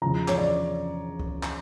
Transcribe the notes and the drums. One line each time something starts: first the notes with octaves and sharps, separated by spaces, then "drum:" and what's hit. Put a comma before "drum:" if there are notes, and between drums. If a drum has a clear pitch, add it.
E2 C#3 F3 A#5
C#5, drum: clap
D5
drum: kick C#2
drum: clap